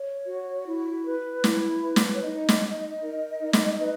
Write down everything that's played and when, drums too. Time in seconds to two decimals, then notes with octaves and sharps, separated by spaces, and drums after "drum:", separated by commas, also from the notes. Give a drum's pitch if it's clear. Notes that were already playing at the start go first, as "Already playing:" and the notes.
Already playing: C#5
0.27 F#4
0.65 E4
1.05 B4
1.44 E4, drum: snare
1.83 B4
1.96 drum: snare
2.13 C#5
2.22 D#4 D#5
2.49 drum: snare
2.62 D#4
3.01 A#4
3.40 D#4
3.53 drum: snare
3.80 B4